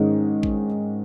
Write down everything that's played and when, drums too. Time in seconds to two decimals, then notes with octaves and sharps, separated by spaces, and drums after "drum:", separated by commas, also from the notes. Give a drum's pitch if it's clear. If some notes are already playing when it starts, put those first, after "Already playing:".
Already playing: G#2 D#3 G#3 C#4
0.43 drum: kick A1